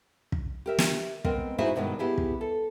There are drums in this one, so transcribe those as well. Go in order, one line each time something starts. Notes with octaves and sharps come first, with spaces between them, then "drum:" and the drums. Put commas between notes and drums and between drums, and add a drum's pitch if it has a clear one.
drum: kick
G4 A#4 E5
drum: snare
G#3 B3 C4 A#4, drum: kick
D#4 E4 F#4 G#4 C5 E5
G2 B2 D#3 G#3
B3 E4 G4 G#4
drum: kick
A4